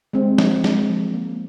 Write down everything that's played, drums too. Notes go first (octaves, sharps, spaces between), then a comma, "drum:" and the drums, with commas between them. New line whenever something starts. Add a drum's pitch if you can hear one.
G#3 C4
F3, drum: snare
G#3 C4, drum: snare
F3
A#3